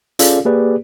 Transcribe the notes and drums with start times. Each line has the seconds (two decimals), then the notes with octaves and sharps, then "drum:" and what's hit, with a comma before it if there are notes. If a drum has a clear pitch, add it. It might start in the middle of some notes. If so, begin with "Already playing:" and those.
0.19 C#4 F4 G#4 A4 D5 F5, drum: hi-hat
0.45 A#3 G4 G#4 B4 D5